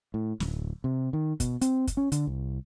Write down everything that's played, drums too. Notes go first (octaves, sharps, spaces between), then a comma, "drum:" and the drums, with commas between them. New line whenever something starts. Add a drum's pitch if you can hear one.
A2
D1, drum: snare
C3
D#3
B2, drum: kick, hi-hat
C4, drum: hi-hat
drum: kick, hi-hat
C#4
D3, drum: hi-hat
C2